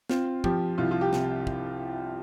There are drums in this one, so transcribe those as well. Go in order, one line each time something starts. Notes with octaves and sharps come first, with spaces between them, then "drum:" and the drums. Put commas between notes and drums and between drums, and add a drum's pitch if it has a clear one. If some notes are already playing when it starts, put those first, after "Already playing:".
C4 F4, drum: snare
F3 G4, drum: kick
C2 F4
F4
G4
C3, drum: snare
drum: kick